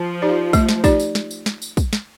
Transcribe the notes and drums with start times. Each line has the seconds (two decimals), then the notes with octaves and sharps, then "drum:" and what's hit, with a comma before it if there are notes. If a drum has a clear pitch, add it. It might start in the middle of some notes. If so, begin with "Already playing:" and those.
Already playing: F3
0.22 D#4 G4 D5
0.53 A3, drum: kick, tambourine
0.69 drum: snare
0.84 D#4 G4 D5, drum: kick, tambourine
1.00 drum: tambourine
1.15 drum: snare
1.31 drum: tambourine
1.46 drum: snare
1.62 drum: tambourine
1.77 drum: kick, tambourine
1.93 drum: snare